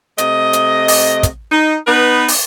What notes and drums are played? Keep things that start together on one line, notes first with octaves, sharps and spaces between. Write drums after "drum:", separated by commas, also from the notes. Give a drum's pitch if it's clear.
C3 A3 D#5, drum: hi-hat
drum: hi-hat
drum: open hi-hat
drum: kick, hi-hat
D#4
B3 D#4 B4
drum: open hi-hat